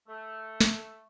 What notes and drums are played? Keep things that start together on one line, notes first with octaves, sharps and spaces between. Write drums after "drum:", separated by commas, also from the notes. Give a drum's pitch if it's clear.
A3
drum: snare